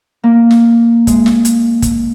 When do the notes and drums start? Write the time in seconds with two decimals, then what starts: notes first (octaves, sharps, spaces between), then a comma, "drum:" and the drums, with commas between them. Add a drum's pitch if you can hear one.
0.24 A#3
0.51 drum: snare
1.07 G#3, drum: kick, hi-hat
1.26 drum: snare
1.45 drum: hi-hat
1.82 drum: kick, hi-hat